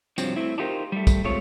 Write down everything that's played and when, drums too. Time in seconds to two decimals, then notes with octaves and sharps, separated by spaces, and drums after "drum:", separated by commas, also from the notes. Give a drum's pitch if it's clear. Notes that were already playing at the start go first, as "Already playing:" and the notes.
0.18 G2 C3 F3 F#3 C4, drum: tambourine
0.36 A2 C4 E4
0.58 D4 D#4 F4 G4 A#4 C5
0.92 G3 A3
1.07 drum: kick, tambourine
1.24 G#3 A3 C4 F4 C#5